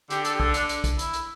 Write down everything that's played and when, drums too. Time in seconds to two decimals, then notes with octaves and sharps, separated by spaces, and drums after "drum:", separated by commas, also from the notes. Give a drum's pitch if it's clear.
0.10 D3 G4, drum: hi-hat
0.25 A4, drum: hi-hat
0.35 G4
0.40 A4, drum: kick
0.54 D4, drum: hi-hat
0.69 drum: hi-hat
0.84 drum: kick, hi-hat
0.99 E4, drum: hi-hat
1.13 drum: hi-hat